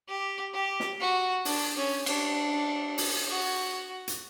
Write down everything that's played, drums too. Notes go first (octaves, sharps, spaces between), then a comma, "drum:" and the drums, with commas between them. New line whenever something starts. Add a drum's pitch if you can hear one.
G4
G4
drum: snare
F#4
D4, drum: open hi-hat
C#4
D4, drum: cymbal
drum: open hi-hat
F#4
drum: hi-hat